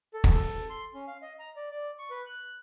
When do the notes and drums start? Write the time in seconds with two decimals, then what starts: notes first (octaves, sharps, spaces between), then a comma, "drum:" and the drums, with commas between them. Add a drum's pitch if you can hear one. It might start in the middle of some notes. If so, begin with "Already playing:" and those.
0.14 A4
0.24 drum: kick
0.33 A4
0.70 C6
0.94 C#4
1.07 F5
1.22 D#5
1.39 A#5
1.56 D5
1.71 D5
1.99 C#6
2.10 B4
2.26 F#6